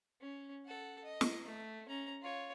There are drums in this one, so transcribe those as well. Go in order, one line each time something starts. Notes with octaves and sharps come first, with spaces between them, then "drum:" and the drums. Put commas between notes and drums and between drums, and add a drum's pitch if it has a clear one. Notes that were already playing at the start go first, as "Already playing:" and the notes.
C#4
A4 F#5
D#5
drum: snare
A3
C#4 A#5
F4 C#5